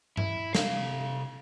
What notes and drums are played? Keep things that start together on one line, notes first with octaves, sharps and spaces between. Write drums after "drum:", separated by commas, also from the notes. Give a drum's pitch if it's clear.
E4, drum: tom G2
C3 F5, drum: snare